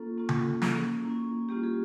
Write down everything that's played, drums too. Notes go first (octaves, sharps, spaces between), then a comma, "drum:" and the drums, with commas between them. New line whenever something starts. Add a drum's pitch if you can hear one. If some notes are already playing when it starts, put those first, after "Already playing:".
Already playing: A#3 C#4 F4 A4
A#3 C#4 F4
drum: tom C#3
A#3 C#4 E4 G#4, drum: snare
A#3 C#4 E4
G3 A#3 C#4 F4 G4
G#4